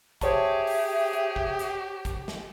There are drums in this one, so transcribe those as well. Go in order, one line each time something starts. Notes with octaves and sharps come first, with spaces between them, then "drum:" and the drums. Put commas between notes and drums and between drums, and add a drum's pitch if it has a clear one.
G4 G#4 C5 C#5 E5 A5, drum: kick A1, hi-hat
drum: open hi-hat
drum: hi-hat
drum: kick A1
drum: hi-hat
drum: kick A1, hi-hat
drum: snare